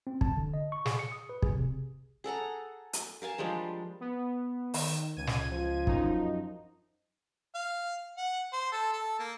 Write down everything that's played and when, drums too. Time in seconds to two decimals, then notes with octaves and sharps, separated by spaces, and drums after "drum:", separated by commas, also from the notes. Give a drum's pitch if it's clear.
0.07 C4
0.21 A5, drum: kick
0.37 D3
0.54 D#5
0.72 C#6
0.86 G#4, drum: snare
0.99 C#7
1.12 D#6
1.29 B4
1.42 G#4, drum: kick
1.55 C3
2.24 G#4 A4 F#5 A#5
2.93 drum: hi-hat
3.22 A#4 F5 G#5 A5
3.38 F3 G3 G#3 D4
4.00 B3
4.74 D#3, drum: open hi-hat
5.17 C#2 G#6 D#7
5.27 drum: snare
5.53 F3
5.87 F#2 D#4, drum: kick
7.55 F5
8.17 F#5
8.53 C5
8.72 A4
8.93 A4
9.19 A#3